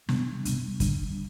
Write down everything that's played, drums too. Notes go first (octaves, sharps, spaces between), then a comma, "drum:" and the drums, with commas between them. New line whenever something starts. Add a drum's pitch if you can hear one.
C3 G3 B3 D4, drum: snare
C3 G3 B3 D4, drum: hi-hat
D3 G3 D4, drum: kick, hi-hat